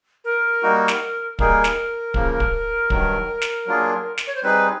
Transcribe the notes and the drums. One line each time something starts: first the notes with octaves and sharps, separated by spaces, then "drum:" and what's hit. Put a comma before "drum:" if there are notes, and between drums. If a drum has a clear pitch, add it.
A#4
G3 A#3 D#4 F#4
drum: snare
G3 A#3 D#4 G#4 A#4, drum: kick
drum: snare
C#3 F3 A#3, drum: kick
drum: kick
G2 D#3 F#3, drum: kick
drum: snare
F#3 A#3 D4 F4 G#4
drum: snare
C#5
C5
G3 C4 D#4 G#4 B4